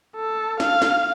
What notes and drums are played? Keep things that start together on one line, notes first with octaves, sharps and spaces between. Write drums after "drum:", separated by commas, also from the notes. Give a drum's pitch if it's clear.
A4
F5, drum: snare
drum: snare